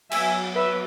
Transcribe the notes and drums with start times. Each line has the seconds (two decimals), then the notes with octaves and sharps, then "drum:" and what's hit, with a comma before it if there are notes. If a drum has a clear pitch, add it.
0.12 F#3 B3 E5 G#5, drum: cymbal
0.55 B4 E5